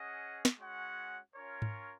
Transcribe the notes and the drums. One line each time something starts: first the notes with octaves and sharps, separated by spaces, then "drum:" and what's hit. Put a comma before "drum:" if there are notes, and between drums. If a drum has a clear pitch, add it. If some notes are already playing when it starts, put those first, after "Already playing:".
Already playing: C#4 G#4 D#5 F#5
drum: snare
G#3 C#4 F#4 C#5 F#5
C#4 F4 A#4 C#5
drum: tom G#2